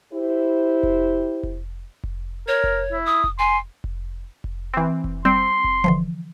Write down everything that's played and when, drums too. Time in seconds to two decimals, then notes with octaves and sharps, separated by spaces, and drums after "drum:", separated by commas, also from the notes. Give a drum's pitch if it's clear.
0.12 E4 G4 C5
0.83 drum: kick F1
1.43 drum: kick F1
2.04 drum: kick F1
2.48 A#4 C#5
2.64 drum: kick F1
2.92 E4
3.06 D#6
3.24 drum: kick F1
3.39 G#5 C6
3.84 drum: kick F1
4.44 drum: kick F1
4.74 E3 C4
5.04 drum: kick F1
5.25 G3 C4 C6
5.64 drum: kick F1
5.84 D3 E3 F3